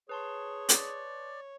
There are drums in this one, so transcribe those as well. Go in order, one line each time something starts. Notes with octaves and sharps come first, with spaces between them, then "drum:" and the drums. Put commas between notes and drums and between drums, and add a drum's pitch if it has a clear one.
G#4 B4 C#5 A5 C6
D5, drum: hi-hat